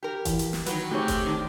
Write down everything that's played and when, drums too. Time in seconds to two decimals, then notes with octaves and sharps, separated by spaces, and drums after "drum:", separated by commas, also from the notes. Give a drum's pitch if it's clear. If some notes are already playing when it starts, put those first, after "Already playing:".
0.03 G4 A#4
0.25 E3, drum: kick F1, hi-hat
0.39 drum: hi-hat
0.53 drum: snare
0.66 D#3 F#3 B4, drum: hi-hat
0.91 A3 C4 D#4 G4 G#4 C#5
1.08 G#3, drum: kick F1, hi-hat
1.26 D#3 D4